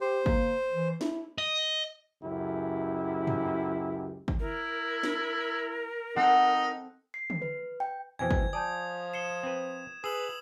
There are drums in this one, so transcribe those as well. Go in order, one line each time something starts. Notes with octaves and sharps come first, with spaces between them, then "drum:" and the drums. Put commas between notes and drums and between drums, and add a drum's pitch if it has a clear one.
G4 C5
A#3, drum: kick
E3
E4, drum: snare
D#5
C#2 F#2 E4 G4
drum: tom G2
drum: kick
E4 A#4
drum: snare
C4 D#4 A4 F#5
C7
drum: tom D3
B4
G5
F2 B2 E3 C5 G5 G#5 G#6
drum: kick
F3 D5 G#5 A5 D#6 G6
C7 C#7 E7 G7
C4 B4
G#4 B4 D#6 E6 F#7